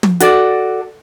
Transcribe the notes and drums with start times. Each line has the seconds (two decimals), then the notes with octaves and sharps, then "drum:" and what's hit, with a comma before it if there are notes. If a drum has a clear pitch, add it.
0.03 drum: tom
0.20 F#4 A4 D5, drum: hi-hat